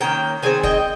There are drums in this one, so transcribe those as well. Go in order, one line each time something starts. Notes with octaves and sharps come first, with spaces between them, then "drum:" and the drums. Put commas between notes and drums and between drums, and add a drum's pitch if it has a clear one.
D#3 A#3 C#4 G5 A#5
D#3 G#3 C4 G#5
D#5 G5, drum: kick